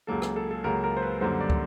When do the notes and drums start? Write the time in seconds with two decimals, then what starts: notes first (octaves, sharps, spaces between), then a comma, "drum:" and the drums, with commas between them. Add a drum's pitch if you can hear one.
0.07 C#2 C#3 F#3 A#3 A4
0.22 G#4, drum: rim click
0.36 A4
0.51 A4
0.64 C#2 C#3 F#3 A#3 A#4
0.84 A#4
0.97 C5
1.02 B4
1.21 F#2 D3 G3 A#3 C5
1.40 D5
1.50 drum: kick